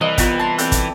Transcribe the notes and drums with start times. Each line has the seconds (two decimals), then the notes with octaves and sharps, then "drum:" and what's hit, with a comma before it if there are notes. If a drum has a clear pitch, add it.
0.01 C2 E3 D#5 F5
0.18 B3 F4 G4 B4 C#6, drum: kick, hi-hat
0.39 A5 C6
0.58 C4 A4 D5 G5, drum: hi-hat
0.72 drum: kick, hi-hat